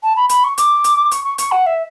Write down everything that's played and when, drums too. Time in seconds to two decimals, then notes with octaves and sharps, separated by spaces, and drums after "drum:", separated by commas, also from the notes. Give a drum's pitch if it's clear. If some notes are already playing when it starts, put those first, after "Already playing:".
0.03 A5
0.16 B5
0.29 B5, drum: hi-hat
0.44 C#6
0.58 D6, drum: hi-hat
0.84 drum: hi-hat
1.11 C#6, drum: hi-hat
1.25 C#6
1.38 C#6, drum: hi-hat
1.51 F#5
1.66 E5